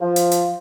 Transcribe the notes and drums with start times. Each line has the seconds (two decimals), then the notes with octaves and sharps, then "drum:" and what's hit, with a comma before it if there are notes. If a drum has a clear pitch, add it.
0.01 F3
0.16 drum: hi-hat
0.32 drum: hi-hat